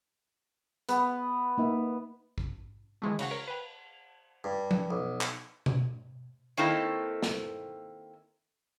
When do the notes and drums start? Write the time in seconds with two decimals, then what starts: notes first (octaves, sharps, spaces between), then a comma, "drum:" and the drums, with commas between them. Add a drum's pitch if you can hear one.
0.89 B3, drum: hi-hat
1.58 A#3 D#4 E5
2.38 drum: kick A1
3.02 D#3 E3 G#3 A3
3.19 C#3 F#4 F#5, drum: cymbal
3.31 A#4 C#5
3.48 B4 G5
4.44 G2
4.71 drum: tom F3
4.91 B1
5.21 drum: clap
5.66 drum: tom B2
6.57 D#3 A#3 C4 D#4 E4 A4
7.23 drum: snare